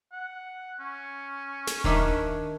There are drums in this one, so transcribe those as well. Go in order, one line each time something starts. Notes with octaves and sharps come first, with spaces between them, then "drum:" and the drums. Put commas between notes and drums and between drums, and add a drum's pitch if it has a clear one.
F#5
C#4
drum: snare
D#3 D4 E5, drum: kick D#1